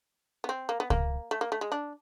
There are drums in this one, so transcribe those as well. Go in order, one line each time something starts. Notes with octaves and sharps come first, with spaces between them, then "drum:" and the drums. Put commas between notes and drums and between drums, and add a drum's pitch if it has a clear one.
B3
C4
A#3
B3
A#3, drum: kick C#2
A3
A#3
A3
G#3
D4